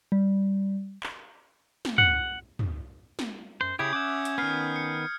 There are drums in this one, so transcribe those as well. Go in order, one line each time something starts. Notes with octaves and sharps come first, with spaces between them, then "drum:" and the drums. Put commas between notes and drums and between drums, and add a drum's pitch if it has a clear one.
G3
drum: clap
drum: snare
F#5, drum: tom
drum: tom
drum: snare
F#2 C5
C#3 C#4 E4 G4 D#6 G6 G#6
E5 F#5 D6
drum: hi-hat
D#3 B3 F6 C7
C#7